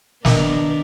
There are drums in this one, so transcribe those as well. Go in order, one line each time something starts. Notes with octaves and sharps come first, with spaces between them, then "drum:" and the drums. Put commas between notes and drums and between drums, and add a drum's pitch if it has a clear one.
D#3 B3 D4 A#4, drum: snare